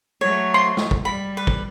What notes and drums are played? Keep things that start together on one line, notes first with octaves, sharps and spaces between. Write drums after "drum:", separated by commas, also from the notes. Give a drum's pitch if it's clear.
F#3 A3 C#5
C6
drum: snare
drum: kick
G3 B5
B4
drum: kick